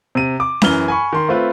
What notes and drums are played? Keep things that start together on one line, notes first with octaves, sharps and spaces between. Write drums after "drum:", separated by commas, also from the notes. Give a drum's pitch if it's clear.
C3 D#7
D6
F#2 E3 F6 G7, drum: snare C#4
G#5 B5 C#6
D#3 C6
A3 C4 F4 B4